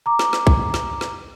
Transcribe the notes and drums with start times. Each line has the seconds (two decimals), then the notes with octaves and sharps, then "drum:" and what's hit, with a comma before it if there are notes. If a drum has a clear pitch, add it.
0.06 A#5 D6
0.19 drum: snare
0.33 drum: snare
0.47 drum: kick
0.74 drum: snare
1.01 drum: snare